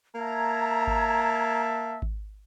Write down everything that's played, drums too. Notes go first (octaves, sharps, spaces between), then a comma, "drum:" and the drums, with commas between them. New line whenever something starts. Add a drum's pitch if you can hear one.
A#3 E5 A5 A#5 G#6
drum: kick G#1
drum: kick G#1